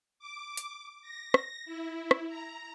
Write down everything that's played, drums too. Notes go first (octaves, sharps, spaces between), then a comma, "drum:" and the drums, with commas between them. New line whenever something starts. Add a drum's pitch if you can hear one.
D6
drum: hi-hat
A#6
drum: rim click
E4
drum: rim click
A#5